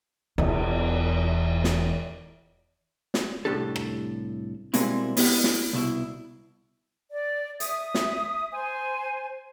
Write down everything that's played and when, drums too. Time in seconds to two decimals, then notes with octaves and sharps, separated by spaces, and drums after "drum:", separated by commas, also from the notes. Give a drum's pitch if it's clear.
0.38 E1 E2, drum: cymbal
1.64 drum: snare
3.14 drum: snare
3.45 C2 A2 D4 G4 A4
3.76 drum: rim click
4.74 B2 G3 G#3 A#3 C4 E4, drum: hi-hat
5.17 B3 E4 G4 F#5, drum: open hi-hat
5.44 drum: snare
5.73 C2 B2 E4
7.11 D5
7.60 E5 D#6, drum: hi-hat
7.94 drum: snare
8.53 C5 G#5